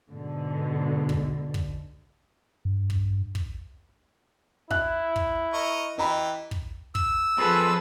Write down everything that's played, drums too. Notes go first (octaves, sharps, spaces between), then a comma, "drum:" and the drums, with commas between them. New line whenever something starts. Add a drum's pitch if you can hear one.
G#2 B2 D3
drum: kick
drum: kick
G2
drum: kick
drum: kick
E4 E5 F#6, drum: kick
drum: kick
A#4 D#5 C#6
E3 G4 D#5 A#5 B5
drum: kick
E6, drum: kick
F3 C4 F4 G#4 A4 B4